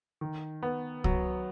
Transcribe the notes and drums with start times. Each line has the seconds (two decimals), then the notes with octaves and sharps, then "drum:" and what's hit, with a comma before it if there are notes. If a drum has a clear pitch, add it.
0.21 D#3
0.63 B3
1.04 F#3, drum: kick C2